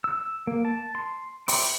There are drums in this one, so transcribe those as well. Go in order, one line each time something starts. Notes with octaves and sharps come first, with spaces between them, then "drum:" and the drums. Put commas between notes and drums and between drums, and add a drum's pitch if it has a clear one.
E6
A#3
A5
C6
E5 G5 B5 C6 D6, drum: open hi-hat